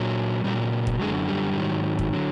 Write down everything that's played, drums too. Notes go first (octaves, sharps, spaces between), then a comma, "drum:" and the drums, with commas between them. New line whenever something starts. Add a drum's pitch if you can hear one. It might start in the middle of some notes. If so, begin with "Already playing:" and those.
Already playing: A#2 F#3
A#2 F#3 G3
drum: kick
F#2 D3 G#3
G3
G#2 D#3 F#3
drum: kick
D3 F#3